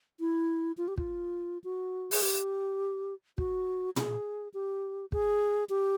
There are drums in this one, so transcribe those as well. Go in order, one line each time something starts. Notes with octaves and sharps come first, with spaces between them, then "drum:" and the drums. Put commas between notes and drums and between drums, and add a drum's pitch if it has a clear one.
E4
F4
G4
F4, drum: kick
F#4
G#4, drum: open hi-hat
G4
F#4, drum: kick
G#4, drum: tom
G4
G#4, drum: kick
G4